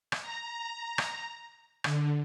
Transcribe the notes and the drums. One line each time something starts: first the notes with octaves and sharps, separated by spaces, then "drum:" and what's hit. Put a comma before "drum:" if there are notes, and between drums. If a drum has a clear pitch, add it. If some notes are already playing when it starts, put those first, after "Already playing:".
drum: rim click
A#5
drum: rim click
D3, drum: rim click